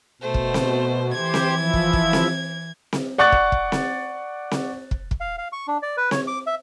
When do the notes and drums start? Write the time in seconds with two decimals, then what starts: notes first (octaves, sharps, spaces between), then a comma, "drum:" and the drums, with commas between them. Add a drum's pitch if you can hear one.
0.22 B2 A3 C5
0.34 drum: kick
0.54 drum: snare C4
1.14 E3 G4 C5 G#6
1.34 drum: snare C4
1.56 F3 E4
1.73 drum: kick
1.93 drum: kick
2.13 drum: snare C4
2.93 drum: snare C4
3.18 D5 F#5 C#6 F#6 A6
3.32 drum: kick
3.52 drum: kick
3.72 drum: snare C4
4.51 drum: snare C4
4.91 drum: kick
5.11 drum: kick
5.20 F5
5.38 F5
5.52 C#6
5.68 D4
5.83 D5
5.97 B4
6.11 C#5, drum: snare C4
6.27 D6
6.47 E5